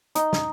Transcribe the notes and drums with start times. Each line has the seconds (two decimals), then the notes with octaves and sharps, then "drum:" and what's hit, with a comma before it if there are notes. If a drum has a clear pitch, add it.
0.15 D#4, drum: hi-hat
0.33 drum: snare